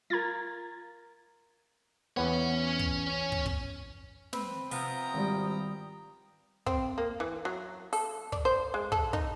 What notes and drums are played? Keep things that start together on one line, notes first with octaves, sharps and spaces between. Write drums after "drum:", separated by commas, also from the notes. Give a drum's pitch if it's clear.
F4 A#4 A#5 G#6 A6
E2 B3 C#4 C#5
drum: kick
drum: kick
drum: kick
C4 B4, drum: snare
C3 F3 B3 G5 A#5 D#6, drum: open hi-hat
G#1 G3
C4, drum: kick
A#3
E3
F#3
A4, drum: open hi-hat
D5, drum: kick
C5
G#3
A4, drum: kick
D#4, drum: kick